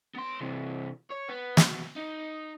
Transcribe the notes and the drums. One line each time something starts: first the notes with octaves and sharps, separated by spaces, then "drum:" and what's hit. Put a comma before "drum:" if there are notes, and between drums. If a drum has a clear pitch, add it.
B3 C6
C3 E3
C#5
B3
B2, drum: snare
D#4